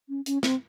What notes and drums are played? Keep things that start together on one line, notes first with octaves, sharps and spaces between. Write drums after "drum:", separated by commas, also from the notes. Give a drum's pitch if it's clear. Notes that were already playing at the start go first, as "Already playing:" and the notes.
C#4
C#4, drum: hi-hat
C4, drum: snare